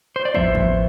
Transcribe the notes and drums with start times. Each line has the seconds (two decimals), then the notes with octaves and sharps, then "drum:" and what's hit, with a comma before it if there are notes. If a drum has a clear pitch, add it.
0.16 C5
0.25 D5
0.34 A2 F3 B3 C5 E5, drum: kick
0.55 drum: kick